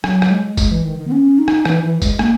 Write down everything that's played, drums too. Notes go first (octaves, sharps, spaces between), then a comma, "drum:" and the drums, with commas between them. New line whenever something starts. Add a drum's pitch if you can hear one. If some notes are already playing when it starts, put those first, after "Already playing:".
F#3, drum: rim click
drum: rim click
G#3
G#3, drum: kick, tambourine
E3
D#3
D#3
B3
C#4
D#4
drum: rim click
E3, drum: rim click
E3
G#3, drum: kick, tambourine
A#3, drum: rim click